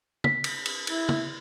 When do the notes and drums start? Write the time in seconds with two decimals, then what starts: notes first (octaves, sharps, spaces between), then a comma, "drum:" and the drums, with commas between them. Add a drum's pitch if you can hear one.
0.24 B6, drum: tom
0.44 drum: cymbal
0.66 drum: cymbal
0.87 E4, drum: cymbal
1.09 drum: tom